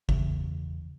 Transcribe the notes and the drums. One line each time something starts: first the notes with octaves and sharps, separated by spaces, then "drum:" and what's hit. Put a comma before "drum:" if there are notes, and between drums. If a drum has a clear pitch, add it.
E2 C#3 E3, drum: kick